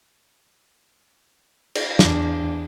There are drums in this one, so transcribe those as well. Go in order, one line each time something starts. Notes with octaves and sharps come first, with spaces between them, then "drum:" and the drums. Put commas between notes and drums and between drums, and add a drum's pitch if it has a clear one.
drum: cymbal
E2 D4, drum: snare